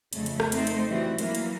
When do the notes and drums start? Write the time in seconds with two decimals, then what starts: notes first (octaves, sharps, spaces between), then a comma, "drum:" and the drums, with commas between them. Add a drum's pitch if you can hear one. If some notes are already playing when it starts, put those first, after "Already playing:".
0.13 F2 C#3 A3, drum: hi-hat
0.26 drum: hi-hat
0.40 drum: rim click
0.52 A3 C4 D#4 C5, drum: hi-hat
0.67 drum: hi-hat
0.89 E3 G3 C4 F#4
1.18 E3 F#3 A#3, drum: hi-hat
1.35 drum: hi-hat